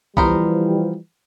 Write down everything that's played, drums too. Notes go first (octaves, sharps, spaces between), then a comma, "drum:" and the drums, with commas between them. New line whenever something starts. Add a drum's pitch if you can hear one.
E3 F3 G3 B3 A#4 C5, drum: kick